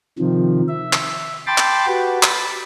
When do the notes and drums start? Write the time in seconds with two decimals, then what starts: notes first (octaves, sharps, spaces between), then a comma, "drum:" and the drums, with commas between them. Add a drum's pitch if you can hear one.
0.19 C3 D#3 F3
0.68 E5
0.93 drum: clap
1.47 G5 A5 B5 C6 D6 A6
1.58 drum: clap
1.86 F#4 G4 B4
2.23 B5 A6, drum: clap